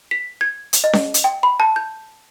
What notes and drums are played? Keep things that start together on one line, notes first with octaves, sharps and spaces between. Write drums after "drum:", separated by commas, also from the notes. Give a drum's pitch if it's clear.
B6
G#6
drum: hi-hat
D#5
drum: snare C#4
drum: hi-hat
G5
B5
A5
G6